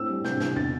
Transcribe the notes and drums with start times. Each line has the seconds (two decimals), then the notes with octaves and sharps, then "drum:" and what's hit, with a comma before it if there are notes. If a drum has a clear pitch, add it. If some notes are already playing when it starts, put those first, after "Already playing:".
Already playing: A2 C4 E6
0.09 G3
0.24 C3 G6, drum: snare
0.40 C3, drum: snare
0.56 B2 A6, drum: tom E2